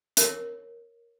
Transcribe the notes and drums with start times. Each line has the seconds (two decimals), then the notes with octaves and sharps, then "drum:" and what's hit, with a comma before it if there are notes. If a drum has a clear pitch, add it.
0.17 A#4 C#5, drum: hi-hat